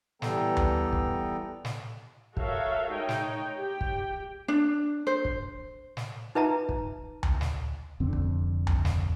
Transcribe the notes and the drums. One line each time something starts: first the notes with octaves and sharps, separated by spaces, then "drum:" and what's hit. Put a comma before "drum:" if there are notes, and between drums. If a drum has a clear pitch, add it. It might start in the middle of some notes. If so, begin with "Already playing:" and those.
E3 G3 B3 A4 G5 A#5, drum: snare
drum: tom D2
drum: kick
drum: snare
F#4 A4 A#4 C#5 E5 F5, drum: kick
G#3 D#4 C#5 G5
drum: snare
G4 G5
drum: kick
D4
C5
drum: kick
drum: snare
D#4 B4 E5 A5 A#5
drum: kick
drum: tom D2
drum: snare
F1 F2 D3 C4
drum: kick
drum: tom D2
drum: snare